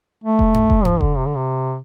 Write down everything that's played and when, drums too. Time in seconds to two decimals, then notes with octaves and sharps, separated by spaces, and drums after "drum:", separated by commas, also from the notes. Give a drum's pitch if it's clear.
0.24 A3
0.39 drum: kick F1
0.54 drum: tom G2
0.70 drum: kick F1
0.85 F3, drum: tom G2
1.01 D3, drum: kick F1
1.17 C3
1.26 D3
1.36 C3